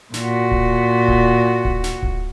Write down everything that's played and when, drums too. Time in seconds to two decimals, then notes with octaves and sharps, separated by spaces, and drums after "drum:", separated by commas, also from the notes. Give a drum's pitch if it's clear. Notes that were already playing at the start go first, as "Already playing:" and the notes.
0.14 A#2 F#4, drum: snare
0.51 drum: kick D1
1.08 drum: kick D1
1.65 drum: kick D1
1.84 drum: snare
2.03 drum: kick D1